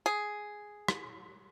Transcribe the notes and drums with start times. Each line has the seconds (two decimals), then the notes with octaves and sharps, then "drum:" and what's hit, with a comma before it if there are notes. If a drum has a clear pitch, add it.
0.06 G#4
0.88 drum: rim click